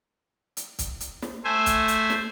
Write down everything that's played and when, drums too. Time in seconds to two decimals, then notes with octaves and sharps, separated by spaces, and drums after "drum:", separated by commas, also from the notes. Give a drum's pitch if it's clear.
0.57 drum: hi-hat
0.79 drum: kick, hi-hat
1.00 drum: hi-hat
1.22 drum: snare
1.44 A3 C5 E5 G#5
1.66 drum: kick, hi-hat
1.88 drum: hi-hat
2.10 drum: snare